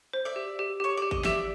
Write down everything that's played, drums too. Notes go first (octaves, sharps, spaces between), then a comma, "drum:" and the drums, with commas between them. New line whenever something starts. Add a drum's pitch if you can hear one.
C5
D5 E5
G4
G4
G4 C#5
G4 D5
D#5, drum: kick G#1
G4 D5 E5, drum: snare